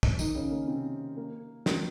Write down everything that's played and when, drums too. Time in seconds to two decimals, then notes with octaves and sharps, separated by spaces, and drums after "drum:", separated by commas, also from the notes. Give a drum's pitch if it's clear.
0.03 drum: kick
0.19 D#3 D#4, drum: tambourine
0.35 C#3 C#4
0.51 A#3
0.68 C3 C4
1.17 A#3
1.66 A#3, drum: snare